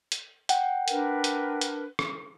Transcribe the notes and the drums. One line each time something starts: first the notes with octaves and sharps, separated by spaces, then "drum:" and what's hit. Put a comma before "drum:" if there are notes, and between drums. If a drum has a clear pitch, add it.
drum: hi-hat
F#5 G5, drum: hi-hat
D4 A#4 B4, drum: hi-hat
drum: hi-hat
drum: hi-hat
drum: rim click